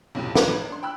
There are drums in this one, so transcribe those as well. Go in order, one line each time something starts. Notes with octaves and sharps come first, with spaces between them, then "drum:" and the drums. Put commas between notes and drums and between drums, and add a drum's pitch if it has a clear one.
B1 F2 A2 C3
F3 D4 B4 B5 D7, drum: snare
A1
D4 C6
G5 B5 E6 F#6